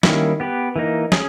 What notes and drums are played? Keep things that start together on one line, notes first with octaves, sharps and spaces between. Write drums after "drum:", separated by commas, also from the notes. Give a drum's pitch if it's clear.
D#3 G3 A#3 C#4 E4, drum: snare
B3 G4 B4
E3 A#3 D#4
C#4 G#4, drum: snare